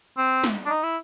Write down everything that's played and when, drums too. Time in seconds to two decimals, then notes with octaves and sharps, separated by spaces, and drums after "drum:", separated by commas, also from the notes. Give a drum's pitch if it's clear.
0.18 C4
0.44 drum: snare
0.66 D4
0.69 D#4
0.83 E4